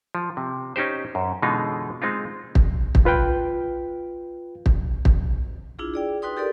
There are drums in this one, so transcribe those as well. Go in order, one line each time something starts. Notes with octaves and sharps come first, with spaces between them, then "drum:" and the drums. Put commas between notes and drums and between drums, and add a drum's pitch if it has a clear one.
F3
C3
C#4 D#4 G4 C5
F#2
B2 D3 E3 G#3 D#4 F4
G#3 C4 D#4 F4
drum: kick
drum: kick
F4 B4 F5 G5
drum: kick
drum: kick
D4 E4 F4 G#4
G#4 D5 G5
D#4 F#4 B4 G5 C6 D#6
G4 A4 A#4 D5